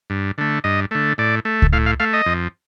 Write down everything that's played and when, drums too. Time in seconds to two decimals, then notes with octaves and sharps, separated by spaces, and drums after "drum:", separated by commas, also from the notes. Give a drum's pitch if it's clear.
0.10 G2
0.38 D3 A3
0.64 G2 D#5
0.91 D3 A3
1.18 A2 D5
1.45 A3
1.62 drum: kick C#2
1.73 A2 F5
1.86 F5
2.00 A3 F5
2.13 D#5
2.26 F2